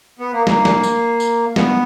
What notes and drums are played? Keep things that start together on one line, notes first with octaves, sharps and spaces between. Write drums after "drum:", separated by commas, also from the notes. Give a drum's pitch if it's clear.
B3
A#3
A#3, drum: snare
drum: snare
drum: tambourine
drum: tambourine
B3, drum: snare